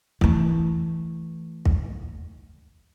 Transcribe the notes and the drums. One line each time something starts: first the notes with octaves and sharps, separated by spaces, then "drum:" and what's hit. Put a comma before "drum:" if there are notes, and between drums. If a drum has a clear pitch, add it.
E3 A3, drum: kick
drum: kick